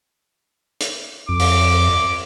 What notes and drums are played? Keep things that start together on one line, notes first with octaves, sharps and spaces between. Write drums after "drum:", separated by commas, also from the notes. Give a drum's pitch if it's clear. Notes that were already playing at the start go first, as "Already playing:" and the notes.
drum: hi-hat
F2 D6
drum: open hi-hat